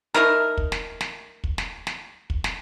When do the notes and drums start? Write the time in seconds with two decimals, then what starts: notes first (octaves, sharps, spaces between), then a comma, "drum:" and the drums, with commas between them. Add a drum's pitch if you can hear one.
0.14 A3 D#4 E4 A#4, drum: snare
0.57 drum: kick
0.72 drum: snare
1.01 drum: snare
1.44 drum: kick
1.58 drum: snare
1.87 drum: snare
2.30 drum: kick
2.44 drum: snare